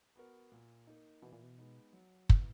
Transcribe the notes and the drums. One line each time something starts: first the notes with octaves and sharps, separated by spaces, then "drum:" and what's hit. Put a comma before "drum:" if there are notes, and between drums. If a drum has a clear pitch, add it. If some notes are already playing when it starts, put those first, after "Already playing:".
B3 F#4 A#4
A#2
A#3 D#4
B2 E3
A#2
B2
G#3 B3 D#4
F#3
B3 E4, drum: kick